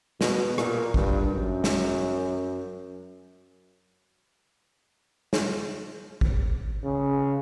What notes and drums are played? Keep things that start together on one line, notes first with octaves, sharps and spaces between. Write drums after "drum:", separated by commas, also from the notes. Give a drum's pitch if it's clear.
B2, drum: snare
A#2, drum: rim click
G2, drum: kick
F#2
drum: snare
drum: snare
drum: kick
C#3